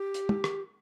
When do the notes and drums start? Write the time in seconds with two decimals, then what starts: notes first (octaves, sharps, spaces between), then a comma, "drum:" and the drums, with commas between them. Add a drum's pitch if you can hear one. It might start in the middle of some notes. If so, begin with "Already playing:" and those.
Already playing: G4
0.14 drum: hi-hat
0.29 drum: tom
0.44 drum: rim click